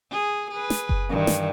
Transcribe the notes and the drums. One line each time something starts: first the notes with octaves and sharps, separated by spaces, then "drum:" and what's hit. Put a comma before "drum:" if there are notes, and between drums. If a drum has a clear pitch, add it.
G#4
G#4 B4
drum: snare
drum: kick F#1
G2 D#3 E3
drum: snare